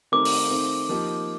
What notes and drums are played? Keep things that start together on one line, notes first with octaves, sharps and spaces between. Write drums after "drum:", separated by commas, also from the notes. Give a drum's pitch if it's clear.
D#3 A3 C4 G4 A#4 D6
drum: open hi-hat
D#3 A3 C4
F3 A#3 D#4 G4